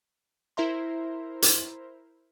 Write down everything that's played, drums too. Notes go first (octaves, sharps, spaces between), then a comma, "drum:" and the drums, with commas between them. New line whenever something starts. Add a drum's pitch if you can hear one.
E4 A#4 C5 E5 A#5 C6
drum: hi-hat